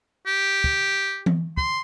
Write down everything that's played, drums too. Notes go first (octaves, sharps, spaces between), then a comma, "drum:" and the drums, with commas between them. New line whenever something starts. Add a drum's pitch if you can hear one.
G4
drum: kick
drum: tom E3
C6, drum: kick